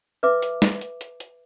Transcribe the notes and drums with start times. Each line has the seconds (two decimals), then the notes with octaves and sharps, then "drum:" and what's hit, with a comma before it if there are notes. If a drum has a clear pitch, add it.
0.23 B4 E5 D6
0.42 drum: hi-hat
0.62 drum: snare
0.81 drum: hi-hat
1.01 drum: hi-hat
1.20 drum: hi-hat